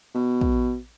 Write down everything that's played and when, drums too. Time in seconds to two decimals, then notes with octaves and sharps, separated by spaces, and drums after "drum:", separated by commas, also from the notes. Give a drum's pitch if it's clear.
0.15 B2
0.41 drum: kick